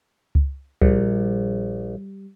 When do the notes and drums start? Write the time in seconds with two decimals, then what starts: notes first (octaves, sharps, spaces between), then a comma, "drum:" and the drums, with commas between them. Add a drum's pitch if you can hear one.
0.35 drum: kick C#2
0.82 A#1 G3, drum: kick C#2